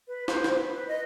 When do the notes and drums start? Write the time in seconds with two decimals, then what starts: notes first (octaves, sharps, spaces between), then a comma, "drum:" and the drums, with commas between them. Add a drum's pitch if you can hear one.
0.08 B4
0.28 C5, drum: snare
0.44 drum: snare
0.54 B4
0.74 B4
0.88 D#5